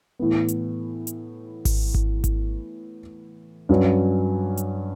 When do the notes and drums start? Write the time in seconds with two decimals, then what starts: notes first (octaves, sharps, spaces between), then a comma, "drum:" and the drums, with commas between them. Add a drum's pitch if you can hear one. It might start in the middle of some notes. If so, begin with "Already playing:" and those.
0.19 A2 E3 B3
0.48 drum: hi-hat
1.07 drum: hi-hat
1.65 drum: kick G#1, open hi-hat
1.94 drum: kick G#1
2.24 drum: kick G#1, hi-hat
3.69 G2 F#3 C#4
4.57 drum: hi-hat